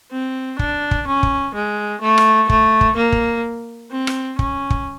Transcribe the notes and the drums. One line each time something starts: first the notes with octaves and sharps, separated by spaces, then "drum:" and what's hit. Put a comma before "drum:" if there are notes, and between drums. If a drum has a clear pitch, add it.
C4
D4, drum: kick
drum: kick
C#4
drum: kick
G#3
A3
drum: rim click
A3, drum: kick
drum: kick
A#3
drum: kick
C4
drum: rim click
C#4, drum: kick
drum: kick